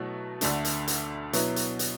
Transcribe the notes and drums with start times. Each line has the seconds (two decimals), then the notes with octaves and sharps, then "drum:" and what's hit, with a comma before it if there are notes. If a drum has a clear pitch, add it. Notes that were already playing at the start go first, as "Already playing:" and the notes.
Already playing: B2 F#3 A3 E4
0.41 D2 D3 A3 D4, drum: hi-hat
0.65 drum: hi-hat
0.87 drum: hi-hat
1.33 B2 F#3 B3 E4, drum: hi-hat
1.56 drum: hi-hat
1.79 drum: hi-hat